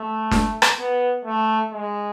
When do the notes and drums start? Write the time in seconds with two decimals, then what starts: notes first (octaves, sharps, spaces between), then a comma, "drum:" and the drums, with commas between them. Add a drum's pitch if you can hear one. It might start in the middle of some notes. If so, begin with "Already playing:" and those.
Already playing: A3
0.31 drum: snare
0.62 drum: rim click
0.79 B3
1.25 A3
1.72 G#3